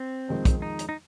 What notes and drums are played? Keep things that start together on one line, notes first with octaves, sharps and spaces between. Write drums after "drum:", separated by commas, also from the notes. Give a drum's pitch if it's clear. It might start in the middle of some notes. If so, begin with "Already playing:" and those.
Already playing: C4
F2 D#3 G#3
drum: kick, hi-hat
D#4
drum: hi-hat
D#4